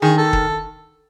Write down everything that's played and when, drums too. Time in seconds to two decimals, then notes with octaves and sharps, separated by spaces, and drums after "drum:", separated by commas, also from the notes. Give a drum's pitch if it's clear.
0.02 D#3 G#4
0.18 A4
0.33 drum: kick